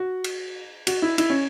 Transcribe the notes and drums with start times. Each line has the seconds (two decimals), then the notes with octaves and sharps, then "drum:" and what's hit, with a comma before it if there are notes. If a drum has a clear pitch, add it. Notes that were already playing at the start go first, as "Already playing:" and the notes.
Already playing: F#4
0.24 drum: cymbal
0.87 F#4, drum: cymbal
1.02 E4
1.18 E4, drum: cymbal
1.30 C#4